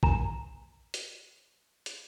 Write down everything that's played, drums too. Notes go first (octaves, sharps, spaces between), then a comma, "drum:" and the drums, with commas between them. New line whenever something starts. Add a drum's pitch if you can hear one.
D#3 G#5 A#5 E7, drum: kick A#1
drum: hi-hat
drum: hi-hat